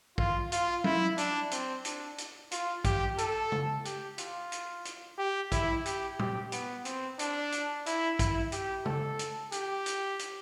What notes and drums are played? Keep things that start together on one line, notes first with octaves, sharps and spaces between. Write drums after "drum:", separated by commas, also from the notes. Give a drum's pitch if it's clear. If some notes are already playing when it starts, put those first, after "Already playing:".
F4, drum: kick
F4, drum: hi-hat
E4, drum: tom F#3
D4, drum: hi-hat
C4, drum: hi-hat
D4, drum: hi-hat
drum: hi-hat
F4, drum: hi-hat
G4, drum: kick, hi-hat
A4, drum: hi-hat
drum: tom
G4, drum: hi-hat
F4, drum: hi-hat
drum: hi-hat
drum: hi-hat
G4
E4, drum: kick, hi-hat
G4, drum: hi-hat
G4, drum: tom
B3, drum: hi-hat
C4, drum: hi-hat
D4, drum: hi-hat
drum: hi-hat
E4, drum: hi-hat
E4, drum: kick, hi-hat
G4, drum: hi-hat
A4, drum: tom
drum: hi-hat
G4, drum: hi-hat
drum: hi-hat
drum: hi-hat